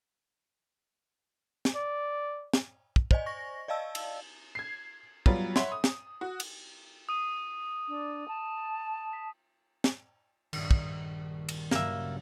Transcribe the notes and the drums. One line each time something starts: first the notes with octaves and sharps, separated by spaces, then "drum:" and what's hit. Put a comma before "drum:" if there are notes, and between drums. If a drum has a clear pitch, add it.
drum: snare
D5
drum: snare
drum: kick
C5 D5 D#5 G#5, drum: kick
C#6 A#6
D5 D#5 F5 A5 E6
drum: cymbal
G#6 C7
F#3 G3 B3 F4, drum: kick
C#5 E5 F#5 B5 C6, drum: snare
D#6
drum: snare
F#4
drum: cymbal
D#6 D#7
D4
A5
B6
drum: snare
A#1 G2 D#3 D#6, drum: cymbal
drum: kick
drum: cymbal
G2 C#3 F#3 A#3 E5, drum: snare